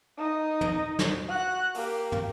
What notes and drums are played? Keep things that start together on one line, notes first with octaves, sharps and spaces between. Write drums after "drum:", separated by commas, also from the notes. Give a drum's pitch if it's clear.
D#4 D#5
drum: tom
drum: snare
F#4 F#6
A#3 G4, drum: open hi-hat
drum: tom